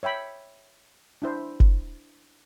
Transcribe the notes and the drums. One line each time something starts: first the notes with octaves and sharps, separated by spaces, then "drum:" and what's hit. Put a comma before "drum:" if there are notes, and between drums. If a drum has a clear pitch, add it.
C#5 E5 G5 B5
D4 E4 C5
drum: kick F#1